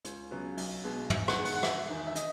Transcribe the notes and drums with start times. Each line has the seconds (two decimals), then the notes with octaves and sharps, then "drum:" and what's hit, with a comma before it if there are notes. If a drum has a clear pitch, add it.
0.05 C#2, drum: hi-hat
0.31 C#3 F#3 B3
0.57 B1, drum: open hi-hat
0.84 B2 G#3 B3
1.10 E2 E5, drum: tom
1.28 F#5, drum: rim click
1.37 D#3 G#3 B3
1.45 F#5, drum: open hi-hat
1.56 F#5
1.63 E1 E5, drum: rim click
1.89 E2 D#3
2.07 E5
2.16 D#5, drum: hi-hat